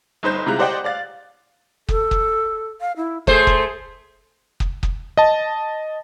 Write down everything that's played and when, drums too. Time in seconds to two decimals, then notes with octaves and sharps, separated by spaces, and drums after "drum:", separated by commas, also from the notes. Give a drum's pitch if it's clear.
0.23 G1 D#4 C5 G6
0.46 C3 G#3 E4 F4 A#5 F#6
0.58 G4 C5 D5 D#5 F#5 G5
0.84 D5 F5 A6
1.89 A4, drum: kick
2.11 drum: kick
2.81 F5
2.97 E4
3.27 A3 G#4 C5, drum: kick
3.47 drum: kick
4.60 drum: kick
4.83 drum: kick
5.17 D#5 A5